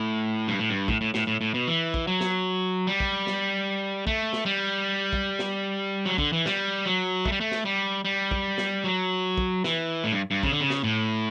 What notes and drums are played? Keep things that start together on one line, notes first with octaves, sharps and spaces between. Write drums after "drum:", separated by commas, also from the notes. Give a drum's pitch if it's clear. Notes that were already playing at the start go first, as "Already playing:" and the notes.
Already playing: A2
G2
A2
G2
A2, drum: kick
A2
A2, drum: snare
A2
A2
B2
E3
drum: kick
F#3
drum: snare
G3
drum: kick
drum: snare
A3, drum: kick
drum: snare
G3
drum: kick
drum: snare
F#3
D3, drum: kick
E3
G3, drum: snare
F#3
A3, drum: kick
G3
A3
drum: snare
G3
G3
drum: kick
drum: snare
F#3
drum: kick
E3, drum: snare
A2
G2
G2
C#3, drum: kick
D3
C#3
drum: snare
A2